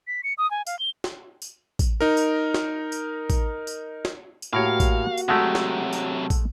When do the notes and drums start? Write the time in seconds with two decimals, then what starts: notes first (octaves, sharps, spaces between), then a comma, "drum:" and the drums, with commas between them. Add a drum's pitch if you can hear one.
0.07 B6
0.24 C#7
0.38 D#6
0.51 G#5
0.67 F5, drum: tambourine
0.79 G7
1.04 drum: snare
1.42 drum: tambourine
1.79 drum: kick, tambourine
2.01 D#4 A#4
2.17 drum: tambourine
2.54 drum: snare
2.92 drum: tambourine
3.30 drum: kick, tambourine
3.67 drum: tambourine
4.05 drum: snare
4.42 drum: tambourine
4.53 A2 A#3 F#4 G4 A#4 C#5 F5
4.80 drum: kick, tambourine
5.18 drum: tambourine
5.28 C3 F#3 G#3 A3 G4 F#5 A5 E6
5.55 drum: snare
5.93 drum: tambourine
6.30 drum: kick, tambourine